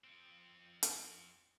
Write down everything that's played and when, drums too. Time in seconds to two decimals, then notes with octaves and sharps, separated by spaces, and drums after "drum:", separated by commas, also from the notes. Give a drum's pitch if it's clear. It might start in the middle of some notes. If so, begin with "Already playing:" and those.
0.04 F2 C4
0.83 drum: hi-hat